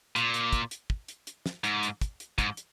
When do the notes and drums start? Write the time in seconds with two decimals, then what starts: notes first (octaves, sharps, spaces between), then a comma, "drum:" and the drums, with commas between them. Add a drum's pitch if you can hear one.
0.16 A#2, drum: hi-hat
0.34 drum: hi-hat
0.53 drum: kick, hi-hat
0.71 drum: hi-hat
0.90 drum: kick
1.08 drum: hi-hat
1.27 drum: hi-hat
1.46 drum: snare
1.64 G#2, drum: hi-hat
1.83 drum: hi-hat
2.01 drum: kick, hi-hat
2.20 drum: hi-hat
2.38 G#2, drum: kick, hi-hat
2.57 drum: hi-hat